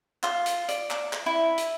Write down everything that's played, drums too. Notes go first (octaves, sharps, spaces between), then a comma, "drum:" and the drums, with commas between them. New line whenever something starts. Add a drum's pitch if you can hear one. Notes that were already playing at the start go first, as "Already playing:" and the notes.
F4, drum: clap
drum: hi-hat
D5, drum: hi-hat
drum: clap
drum: clap
E4
drum: hi-hat